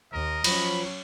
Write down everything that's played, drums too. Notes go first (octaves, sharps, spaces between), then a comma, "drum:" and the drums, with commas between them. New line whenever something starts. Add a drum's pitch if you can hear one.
D#2 A#4 D#5
F3 F#3 C#4 B5, drum: cymbal